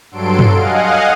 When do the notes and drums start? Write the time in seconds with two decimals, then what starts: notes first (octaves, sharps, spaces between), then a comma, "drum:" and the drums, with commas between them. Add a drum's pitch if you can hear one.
0.11 G2 F#3 A4 C6 D7
0.39 drum: tom
0.53 D#5 F5 F#5 G#5